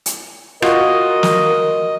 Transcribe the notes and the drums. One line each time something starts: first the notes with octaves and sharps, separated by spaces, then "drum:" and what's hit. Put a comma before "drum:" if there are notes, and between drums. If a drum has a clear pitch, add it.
drum: hi-hat
F4 F#4 A#4 D#5, drum: rim click
drum: snare